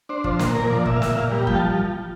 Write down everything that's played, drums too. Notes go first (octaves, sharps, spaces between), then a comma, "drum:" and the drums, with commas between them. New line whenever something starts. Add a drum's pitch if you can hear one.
D4 C5
F3, drum: kick
A#2, drum: snare
A#2 A#4
F3 D5
A#2 E5, drum: kick
F5
A#2 E5, drum: snare
A#2 F5
G3
F3 G5, drum: kick
A5